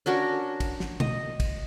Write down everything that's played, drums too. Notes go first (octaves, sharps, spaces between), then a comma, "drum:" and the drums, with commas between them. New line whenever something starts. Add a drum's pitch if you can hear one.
C#4 D4 F#4 A#4
drum: kick, cymbal
drum: snare
D#5, drum: tom B2
drum: kick, cymbal